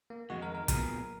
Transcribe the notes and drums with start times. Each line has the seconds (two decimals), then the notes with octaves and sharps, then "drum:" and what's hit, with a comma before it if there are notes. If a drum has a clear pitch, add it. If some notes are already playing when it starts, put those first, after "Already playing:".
0.10 A#3
0.30 F2 D#3 G#3 F#4
0.42 A#4
0.55 A#4
0.68 A#2 F#3 B3 F4 G#4 A#4, drum: kick, hi-hat